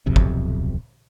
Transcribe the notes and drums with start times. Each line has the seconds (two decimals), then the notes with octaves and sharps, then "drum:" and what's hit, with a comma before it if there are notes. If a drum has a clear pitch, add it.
0.06 D1 B1 F2 C3
0.16 drum: kick